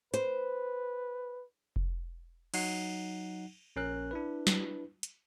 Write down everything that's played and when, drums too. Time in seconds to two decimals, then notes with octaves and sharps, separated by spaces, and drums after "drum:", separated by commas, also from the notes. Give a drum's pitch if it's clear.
0.14 B4 C5, drum: hi-hat
1.76 drum: kick F1
2.54 F#3 D#4 F#5 C7, drum: cymbal
3.76 A#1 C#4 A#4 F#6
4.11 D4 E4 B4
4.47 drum: snare
5.03 drum: hi-hat